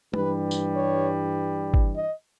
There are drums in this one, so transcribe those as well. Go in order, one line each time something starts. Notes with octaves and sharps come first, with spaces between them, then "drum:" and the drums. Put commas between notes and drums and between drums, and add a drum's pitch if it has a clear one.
G2 E3 G3 B4, drum: tom
drum: tambourine
C#5
drum: kick
D#5